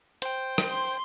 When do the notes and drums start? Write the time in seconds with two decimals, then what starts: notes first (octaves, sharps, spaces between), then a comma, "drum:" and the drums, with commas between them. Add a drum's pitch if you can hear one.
0.22 C5 G5, drum: hi-hat
0.58 drum: rim click
0.69 C6